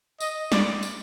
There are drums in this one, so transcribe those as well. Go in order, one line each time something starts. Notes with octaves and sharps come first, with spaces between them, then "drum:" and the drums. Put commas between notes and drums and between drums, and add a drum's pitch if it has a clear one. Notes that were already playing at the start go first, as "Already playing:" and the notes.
D#5, drum: tambourine
D5, drum: snare
drum: tambourine